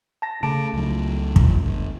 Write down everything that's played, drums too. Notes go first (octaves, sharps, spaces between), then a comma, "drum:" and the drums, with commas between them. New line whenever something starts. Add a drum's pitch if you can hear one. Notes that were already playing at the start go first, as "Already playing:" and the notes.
A5 A#6
C#3 A3 A5 D7
C#2 F#3
drum: kick
G1